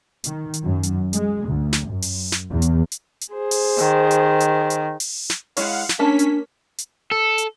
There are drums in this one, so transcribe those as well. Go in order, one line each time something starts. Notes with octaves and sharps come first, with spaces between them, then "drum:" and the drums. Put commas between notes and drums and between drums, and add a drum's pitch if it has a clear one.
D#3, drum: hi-hat
drum: hi-hat
F#2
drum: hi-hat
G#3, drum: hi-hat
D2
drum: snare
F#2
drum: open hi-hat
drum: snare
E2
drum: hi-hat
drum: hi-hat
drum: hi-hat
G#4 C5
drum: open hi-hat
D#3, drum: hi-hat
drum: hi-hat
drum: hi-hat
drum: hi-hat
drum: open hi-hat
drum: snare
G#3 E4 C#5 F5 F#5, drum: open hi-hat
drum: snare
A#3 C#4 D4 A#4 A5 B6
drum: hi-hat
drum: hi-hat
A4
drum: hi-hat